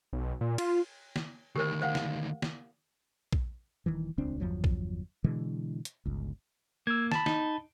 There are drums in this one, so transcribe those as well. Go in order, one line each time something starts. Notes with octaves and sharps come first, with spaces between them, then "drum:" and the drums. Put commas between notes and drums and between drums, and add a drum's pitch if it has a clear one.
B1
A#2
F4, drum: cymbal
drum: snare
D2 D#3 G4 A#4 C5
C5 F5 F#5
drum: snare
drum: snare
drum: kick A#1
D#1 D#2 D#3 E3
D#1 C#2 C4 D4
G1 E2 F3 F#3
drum: kick A#1
B2 D3 E3 G#3
drum: hi-hat
G1 C#2
A#3 E6 G#6
A5 B5, drum: snare
D#4, drum: snare